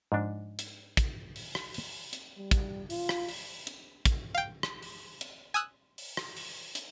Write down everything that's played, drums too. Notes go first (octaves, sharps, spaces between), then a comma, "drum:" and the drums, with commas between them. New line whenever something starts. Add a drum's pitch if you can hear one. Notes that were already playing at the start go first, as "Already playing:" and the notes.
G#2 F3 D4
drum: hi-hat
drum: kick, hi-hat
drum: open hi-hat
drum: rim click
drum: open hi-hat
drum: hi-hat
G3
drum: kick, hi-hat
F4, drum: open hi-hat
drum: rim click
drum: open hi-hat
drum: hi-hat
drum: kick, hi-hat
F5 G5
drum: rim click
drum: open hi-hat
drum: hi-hat
G#5 D#6 E6 F#6
drum: open hi-hat
drum: rim click
drum: open hi-hat
drum: hi-hat